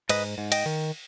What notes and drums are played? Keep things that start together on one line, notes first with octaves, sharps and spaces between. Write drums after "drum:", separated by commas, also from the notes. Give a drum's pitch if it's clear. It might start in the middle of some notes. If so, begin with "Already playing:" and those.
G#2 B4 D#5, drum: cymbal
G#2
D#5 G5, drum: cymbal
D#3